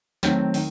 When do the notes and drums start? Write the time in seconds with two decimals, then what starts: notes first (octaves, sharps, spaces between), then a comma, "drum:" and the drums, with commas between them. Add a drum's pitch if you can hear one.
0.23 D#3 F#3 A3 C4, drum: snare
0.54 D#3, drum: open hi-hat